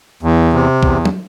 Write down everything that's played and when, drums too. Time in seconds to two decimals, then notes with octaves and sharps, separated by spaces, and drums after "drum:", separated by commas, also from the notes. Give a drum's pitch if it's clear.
0.23 E2
0.53 C3
0.83 E2, drum: kick B1
1.05 drum: tom